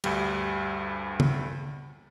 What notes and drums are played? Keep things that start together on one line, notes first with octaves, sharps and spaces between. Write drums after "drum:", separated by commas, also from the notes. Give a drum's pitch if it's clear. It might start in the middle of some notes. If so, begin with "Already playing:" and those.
D2 G2 G3, drum: cymbal
drum: tom